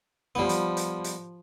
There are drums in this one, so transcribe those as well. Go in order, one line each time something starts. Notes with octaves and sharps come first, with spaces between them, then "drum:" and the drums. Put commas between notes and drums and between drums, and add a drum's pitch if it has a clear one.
F3 G3 B3
drum: hi-hat
drum: hi-hat
drum: hi-hat